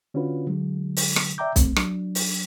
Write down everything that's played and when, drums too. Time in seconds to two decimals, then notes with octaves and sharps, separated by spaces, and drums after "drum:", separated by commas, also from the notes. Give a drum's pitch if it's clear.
0.14 D3 C#4 D4 F4 F#4 B4
0.46 D3 F#3 G#3
0.97 drum: open hi-hat
1.16 drum: rim click
1.38 D5 E5 G5 A#5 D6 G6
1.56 A3 C4, drum: kick B1, hi-hat
1.76 F#3 D4, drum: rim click
2.15 drum: open hi-hat